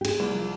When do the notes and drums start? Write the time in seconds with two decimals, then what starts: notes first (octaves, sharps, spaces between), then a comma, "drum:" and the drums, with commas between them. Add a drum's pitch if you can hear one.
0.01 G4
0.05 G#3 G#4, drum: cymbal
0.20 C2
0.35 F3